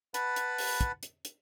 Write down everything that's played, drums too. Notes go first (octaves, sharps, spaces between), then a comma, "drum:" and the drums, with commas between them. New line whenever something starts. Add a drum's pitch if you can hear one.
B4 F#5 A5 B5, drum: hi-hat
drum: hi-hat
drum: open hi-hat
drum: kick, hi-hat
drum: hi-hat
drum: hi-hat